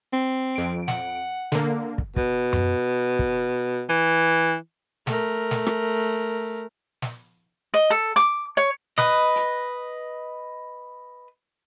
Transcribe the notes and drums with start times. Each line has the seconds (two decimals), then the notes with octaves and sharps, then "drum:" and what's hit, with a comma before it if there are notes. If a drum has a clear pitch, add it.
0.13 C4
0.56 F2 D7
0.88 F#5, drum: snare
1.52 D3 A#3, drum: snare
1.98 drum: kick
2.16 B2, drum: kick
2.53 drum: tom F#2
3.19 drum: kick
3.89 E3
5.07 A3 A#4, drum: snare
5.51 drum: snare
5.66 drum: rim click
7.02 drum: snare
7.74 D#5
7.90 A4
8.16 D6, drum: hi-hat
8.57 C#5
8.98 B4 D#5, drum: snare
9.36 drum: hi-hat